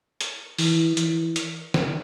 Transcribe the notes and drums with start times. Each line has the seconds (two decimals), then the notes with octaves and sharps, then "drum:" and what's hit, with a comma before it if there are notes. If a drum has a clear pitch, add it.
0.21 drum: hi-hat
0.58 E3, drum: open hi-hat
0.97 E3, drum: hi-hat
1.36 drum: hi-hat
1.74 drum: snare